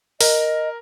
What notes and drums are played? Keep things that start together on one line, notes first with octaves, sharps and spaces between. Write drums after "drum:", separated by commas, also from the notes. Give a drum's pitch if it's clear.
A#4 D#5, drum: open hi-hat